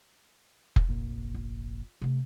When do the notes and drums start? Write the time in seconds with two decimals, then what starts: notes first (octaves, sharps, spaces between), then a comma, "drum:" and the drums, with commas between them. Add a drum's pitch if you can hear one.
0.76 drum: kick F1
0.88 F1 A#1 A#2
1.34 F4
2.01 C3 A3